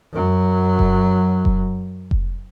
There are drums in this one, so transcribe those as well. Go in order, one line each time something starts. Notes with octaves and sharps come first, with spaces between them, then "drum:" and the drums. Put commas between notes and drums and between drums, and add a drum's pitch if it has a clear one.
F#2 F#3
drum: kick F1
drum: kick F1
drum: kick F1